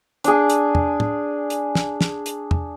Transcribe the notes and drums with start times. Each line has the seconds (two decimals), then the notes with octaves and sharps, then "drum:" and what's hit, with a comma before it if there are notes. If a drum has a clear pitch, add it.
0.24 D4 G#4, drum: hi-hat
0.50 drum: hi-hat
0.75 drum: tom E2
1.00 drum: tom
1.50 drum: hi-hat
1.75 drum: snare
2.01 drum: snare
2.26 drum: hi-hat
2.51 drum: tom E2